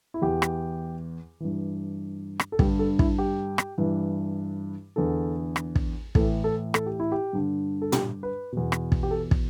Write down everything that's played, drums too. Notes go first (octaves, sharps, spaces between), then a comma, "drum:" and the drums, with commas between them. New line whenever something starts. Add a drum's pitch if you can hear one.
E4
E2 E3 G4
drum: rim click
G2 E3
drum: rim click
A4
G2 D3 G4, drum: kick
A4
E4, drum: kick
G4
drum: rim click
G2 E3
E2 D3 A4
drum: rim click
drum: kick
A2 E3 A4, drum: kick
A4
A4, drum: rim click
G4
E4
G4
G2 D3
A4
G4, drum: tom
B4
E2 B2
drum: rim click
drum: kick
G4
A4
drum: kick